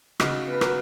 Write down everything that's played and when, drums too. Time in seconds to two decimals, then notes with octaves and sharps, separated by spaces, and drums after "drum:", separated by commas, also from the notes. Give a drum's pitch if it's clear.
0.20 C#3 D#4 F#4, drum: rim click
0.47 B3 B4
0.61 F#4 A#4, drum: rim click